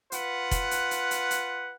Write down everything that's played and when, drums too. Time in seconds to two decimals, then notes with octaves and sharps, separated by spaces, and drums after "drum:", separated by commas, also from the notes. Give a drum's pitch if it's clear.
0.12 F4 B4 F#5, drum: hi-hat
0.51 drum: kick F1, hi-hat
0.71 drum: hi-hat
0.91 drum: hi-hat
1.11 drum: hi-hat
1.31 drum: hi-hat